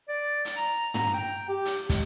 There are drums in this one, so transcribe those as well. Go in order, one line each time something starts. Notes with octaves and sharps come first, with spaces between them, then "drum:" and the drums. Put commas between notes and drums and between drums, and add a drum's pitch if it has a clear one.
D5
drum: hi-hat
A#5
A#5, drum: tom
G5
G4
drum: hi-hat
G#3, drum: kick, hi-hat